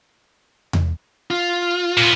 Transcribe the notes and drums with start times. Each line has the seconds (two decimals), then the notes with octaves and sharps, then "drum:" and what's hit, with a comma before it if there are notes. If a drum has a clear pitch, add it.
0.73 drum: tom E2
1.30 F4
1.97 A#2 B3